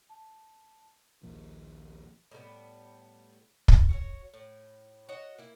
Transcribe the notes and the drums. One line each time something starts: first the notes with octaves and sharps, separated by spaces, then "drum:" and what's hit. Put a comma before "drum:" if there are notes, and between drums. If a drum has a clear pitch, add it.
A5
A#1 D#2 A#2 F3
A2 G3 A3 B3
drum: kick
F#4 A4 C#5
A2
F#4 C#5 D#5 F#5
A#3 E4